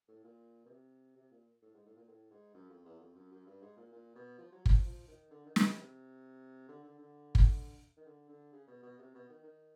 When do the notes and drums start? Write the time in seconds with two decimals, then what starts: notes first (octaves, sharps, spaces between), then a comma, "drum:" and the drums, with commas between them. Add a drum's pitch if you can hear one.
0.08 A2
0.24 A#2
0.65 B2
0.70 C3
1.16 C3
1.31 A#2
1.62 A2
1.74 G#2
1.86 A2
1.96 A#2
2.08 A2
2.31 G#2
2.54 F#2
2.70 F2
2.85 E2
3.00 F2
3.15 F#2
3.31 F#2
3.46 G2
3.62 G#2
3.77 A#2
3.92 A#2
4.15 B2
4.38 F3
4.52 F#3
4.66 F3, drum: kick
4.85 F3
5.08 D#3
5.31 D3
5.46 D#3
5.56 D3, drum: snare
5.66 C#3
5.76 C3
6.69 D3
6.84 D3
6.98 D3
7.35 drum: kick
7.97 D#3
8.06 D3
8.29 D3
8.53 C#3
8.68 B2
8.83 B2
8.99 C3
9.14 B2
9.29 D#3
9.44 D#3